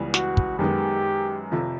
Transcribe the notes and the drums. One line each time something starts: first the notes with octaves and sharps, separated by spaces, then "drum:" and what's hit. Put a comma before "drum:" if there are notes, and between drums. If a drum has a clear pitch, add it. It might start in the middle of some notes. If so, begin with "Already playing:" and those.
Already playing: C#2 C#3 E3 G3 B3
F#4, drum: snare
drum: kick
F#2 D#3 G#3 B3 G4
F1 F2 C3 F3